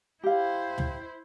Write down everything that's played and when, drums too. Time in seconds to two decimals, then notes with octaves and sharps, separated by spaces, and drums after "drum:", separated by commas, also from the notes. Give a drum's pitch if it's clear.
0.24 E4 G4 C5 F5
0.78 drum: tom